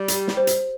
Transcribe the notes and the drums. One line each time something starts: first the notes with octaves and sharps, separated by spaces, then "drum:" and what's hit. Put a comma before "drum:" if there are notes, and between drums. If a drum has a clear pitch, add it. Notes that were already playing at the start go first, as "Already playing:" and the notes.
Already playing: G3
G4, drum: hi-hat
drum: snare
C5
drum: hi-hat